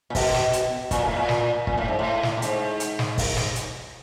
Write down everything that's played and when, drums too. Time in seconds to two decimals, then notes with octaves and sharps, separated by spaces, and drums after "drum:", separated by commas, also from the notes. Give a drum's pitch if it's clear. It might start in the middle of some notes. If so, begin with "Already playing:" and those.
0.10 A#2
0.15 B2, drum: kick, open hi-hat
0.34 drum: snare
0.53 drum: hi-hat
0.91 A#2, drum: kick, hi-hat
1.04 A2
1.17 A#2
1.29 drum: snare
1.67 A#2, drum: kick
1.77 A2
1.88 G#2
1.99 A2
2.23 drum: snare
2.37 A2
2.42 G#2, drum: hi-hat
2.80 drum: hi-hat
2.99 drum: snare
3.18 drum: kick, open hi-hat
3.37 drum: snare
3.55 drum: hi-hat